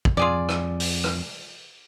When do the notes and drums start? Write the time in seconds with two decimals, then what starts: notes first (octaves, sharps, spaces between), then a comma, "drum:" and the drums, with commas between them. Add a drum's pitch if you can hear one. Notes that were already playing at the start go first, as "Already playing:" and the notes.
0.05 drum: kick
0.17 F2 F4 G#4 D5
0.49 drum: rim click
0.80 drum: open hi-hat
1.04 drum: rim click